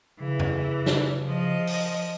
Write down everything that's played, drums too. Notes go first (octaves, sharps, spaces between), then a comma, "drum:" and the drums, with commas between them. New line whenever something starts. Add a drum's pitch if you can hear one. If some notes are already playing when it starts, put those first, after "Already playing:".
C#3 E3
drum: tom F2
drum: snare
F3 D#5
drum: open hi-hat